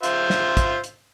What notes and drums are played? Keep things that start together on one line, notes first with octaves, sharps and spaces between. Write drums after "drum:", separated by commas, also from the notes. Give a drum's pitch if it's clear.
F4 C5 E5, drum: hi-hat
drum: snare
drum: kick, hi-hat
drum: hi-hat